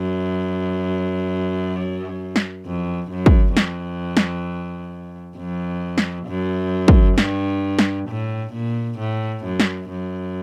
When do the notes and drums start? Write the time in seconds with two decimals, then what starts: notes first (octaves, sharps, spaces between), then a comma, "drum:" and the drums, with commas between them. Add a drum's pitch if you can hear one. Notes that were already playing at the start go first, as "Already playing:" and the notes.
Already playing: F#2
2.36 drum: snare
2.66 F2
3.11 F#2
3.26 drum: kick
3.57 F2, drum: snare
4.17 drum: snare
5.37 F2
5.98 drum: snare
6.27 F#2
6.88 drum: kick
7.18 G2, drum: snare
7.79 drum: snare
8.09 A2
8.54 A#2
8.99 A2
9.45 F#2
9.60 drum: snare
9.90 F#2